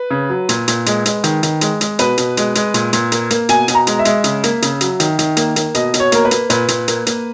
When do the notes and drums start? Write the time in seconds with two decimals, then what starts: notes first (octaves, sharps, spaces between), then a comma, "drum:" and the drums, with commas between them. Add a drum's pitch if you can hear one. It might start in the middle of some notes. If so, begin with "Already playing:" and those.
Already playing: B4
0.11 C#3
0.30 F#3
0.49 A#2, drum: hi-hat
0.68 A#2, drum: hi-hat
0.86 G#3, drum: hi-hat
1.06 G#3, drum: hi-hat
1.24 D#3, drum: hi-hat
1.43 D#3, drum: hi-hat
1.61 G#3, drum: hi-hat
1.81 G#3, drum: hi-hat
1.99 B2 B4, drum: hi-hat
2.18 B2, drum: hi-hat
2.37 G#3, drum: hi-hat
2.55 G#3, drum: hi-hat
2.74 A#2, drum: hi-hat
2.93 A#2, drum: hi-hat
3.12 A#3, drum: hi-hat
3.30 A#3, drum: hi-hat
3.49 B2 G#5, drum: hi-hat
3.68 B2, drum: hi-hat
3.75 A#5
3.87 G#3, drum: hi-hat
3.99 E5
4.05 G#3, drum: hi-hat
4.24 C#3, drum: hi-hat
4.44 A#3, drum: hi-hat
4.62 C#3, drum: hi-hat
4.81 F#3, drum: hi-hat
5.00 D#3, drum: hi-hat
5.19 D#3, drum: hi-hat
5.37 A#3, drum: hi-hat
5.56 A#3, drum: hi-hat
5.75 B2 D#5, drum: hi-hat
5.94 B2, drum: hi-hat
6.00 C#5
6.12 A#3 A#4, drum: hi-hat
6.25 B4
6.31 A#3, drum: hi-hat
6.50 A#2 B4, drum: hi-hat
6.68 A#2, drum: hi-hat
6.88 A#3, drum: hi-hat
7.07 A#3, drum: hi-hat